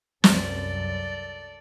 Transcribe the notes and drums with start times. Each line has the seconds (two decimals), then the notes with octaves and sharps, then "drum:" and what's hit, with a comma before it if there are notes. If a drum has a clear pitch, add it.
0.24 C2 F#2 A4 D5, drum: snare